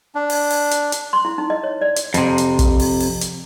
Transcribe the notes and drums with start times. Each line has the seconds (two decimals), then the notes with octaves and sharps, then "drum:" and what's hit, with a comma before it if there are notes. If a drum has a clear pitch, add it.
0.15 D4
0.30 drum: open hi-hat
0.50 drum: open hi-hat
0.71 drum: hi-hat
0.92 drum: hi-hat
1.13 C6
1.25 E4
1.38 D#4
1.50 D#5
1.64 C#5
1.81 D5
1.96 drum: hi-hat
2.14 F2 C3, drum: hi-hat
2.38 drum: hi-hat
2.59 drum: kick, hi-hat
2.80 drum: open hi-hat
3.00 drum: open hi-hat
3.21 drum: hi-hat